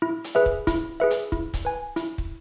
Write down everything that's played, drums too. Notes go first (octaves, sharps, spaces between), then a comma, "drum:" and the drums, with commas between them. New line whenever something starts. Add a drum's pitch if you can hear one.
E4
drum: hi-hat
G#4 B4 E5
drum: kick
E4, drum: kick, hi-hat
G#4 B4 E5
drum: hi-hat
E4, drum: kick
drum: kick, hi-hat
B4 G#5
E4, drum: hi-hat
drum: kick